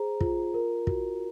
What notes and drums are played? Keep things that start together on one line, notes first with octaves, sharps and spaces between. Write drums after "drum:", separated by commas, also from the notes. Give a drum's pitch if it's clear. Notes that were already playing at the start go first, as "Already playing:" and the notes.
Already playing: G#4 C5 A#5
F4, drum: kick
A#4
F#4, drum: kick